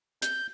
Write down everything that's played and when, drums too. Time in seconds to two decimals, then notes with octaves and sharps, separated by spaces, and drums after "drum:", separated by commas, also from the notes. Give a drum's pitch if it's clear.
0.22 G6, drum: hi-hat